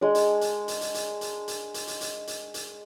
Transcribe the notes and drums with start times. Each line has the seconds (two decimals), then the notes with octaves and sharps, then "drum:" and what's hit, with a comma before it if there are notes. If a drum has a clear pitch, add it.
0.01 G#3 D4
0.15 drum: hi-hat
0.41 drum: hi-hat
0.68 drum: hi-hat
0.81 drum: hi-hat
0.94 drum: hi-hat
1.21 drum: hi-hat
1.48 drum: hi-hat
1.74 drum: hi-hat
1.88 drum: hi-hat
2.01 drum: hi-hat
2.27 drum: hi-hat
2.54 drum: hi-hat